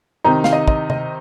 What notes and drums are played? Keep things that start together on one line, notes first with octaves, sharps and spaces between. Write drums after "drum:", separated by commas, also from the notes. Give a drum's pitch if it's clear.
C3 D#3 C4 D#4 A#5
F5, drum: snare
D#5
D#5, drum: kick
D#5, drum: tom C3